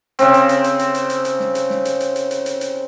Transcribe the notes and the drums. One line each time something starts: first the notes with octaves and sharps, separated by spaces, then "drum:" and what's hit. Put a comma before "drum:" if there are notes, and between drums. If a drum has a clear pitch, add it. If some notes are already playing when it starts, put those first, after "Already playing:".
C#3 C4, drum: hi-hat
drum: hi-hat
drum: hi-hat
drum: hi-hat
drum: hi-hat
drum: hi-hat
drum: hi-hat
drum: hi-hat
drum: snare
drum: hi-hat
drum: snare
drum: hi-hat
drum: hi-hat
drum: hi-hat
drum: hi-hat
drum: hi-hat
drum: hi-hat